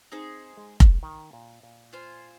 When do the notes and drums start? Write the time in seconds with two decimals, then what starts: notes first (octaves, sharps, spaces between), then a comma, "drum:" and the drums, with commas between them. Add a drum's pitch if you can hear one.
0.12 C4 D#4 G#4 C5
0.57 G#3
0.80 drum: kick F1
1.03 D#3
1.33 A#2
1.63 A#2
1.93 F4 C5 G#5